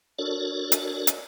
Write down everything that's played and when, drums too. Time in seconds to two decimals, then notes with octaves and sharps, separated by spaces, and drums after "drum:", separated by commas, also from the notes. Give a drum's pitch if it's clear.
0.19 D4 F#4 A4 A#4 C#5 D5
0.72 drum: hi-hat
1.07 drum: hi-hat